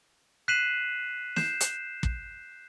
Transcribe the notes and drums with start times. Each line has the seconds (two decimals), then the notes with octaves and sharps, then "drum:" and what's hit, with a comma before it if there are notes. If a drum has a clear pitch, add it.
0.48 F#6 B6 C7 D#7 E7 F#7
1.36 G6 C7 E7, drum: snare
1.61 drum: hi-hat
2.03 drum: kick